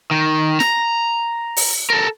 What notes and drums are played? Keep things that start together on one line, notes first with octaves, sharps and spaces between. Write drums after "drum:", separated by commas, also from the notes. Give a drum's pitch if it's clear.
D#3
A#5, drum: snare
drum: open hi-hat
A4 A#4